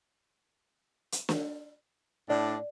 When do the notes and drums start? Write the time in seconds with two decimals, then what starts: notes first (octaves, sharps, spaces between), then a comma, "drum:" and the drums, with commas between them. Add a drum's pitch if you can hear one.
1.12 drum: hi-hat
1.29 drum: snare
2.30 A2 D4 D5